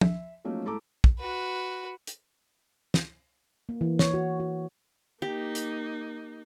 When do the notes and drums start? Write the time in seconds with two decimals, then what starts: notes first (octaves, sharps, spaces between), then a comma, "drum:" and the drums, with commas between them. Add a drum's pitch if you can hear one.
0.01 E5, drum: tom
0.44 F3 F#3 A3 A#3 C#4 D#4
0.64 G#2 A3 E4 A4 A#5 D6
1.04 drum: kick
1.19 F#4 B4
2.07 drum: hi-hat
2.94 drum: snare
3.69 A#3
3.81 E3
3.99 C#5, drum: snare
4.14 F#4
4.40 F#4
5.22 A#3 D#4 G4
5.55 drum: hi-hat